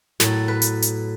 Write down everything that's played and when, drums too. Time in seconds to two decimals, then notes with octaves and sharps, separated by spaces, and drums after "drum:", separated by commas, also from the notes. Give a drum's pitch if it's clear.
0.20 A2 F#3 A4, drum: snare
0.48 B4
0.62 drum: hi-hat
0.82 drum: hi-hat